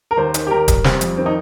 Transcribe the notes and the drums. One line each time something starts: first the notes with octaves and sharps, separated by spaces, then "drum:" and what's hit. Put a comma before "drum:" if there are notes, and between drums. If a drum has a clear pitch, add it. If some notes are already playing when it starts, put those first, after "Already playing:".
A#4
D#2 C5
D#3, drum: hi-hat
G4
D#2 A#4
G3, drum: kick D#1, hi-hat
G3 C4, drum: snare
F2, drum: hi-hat
D#3 C4
D#4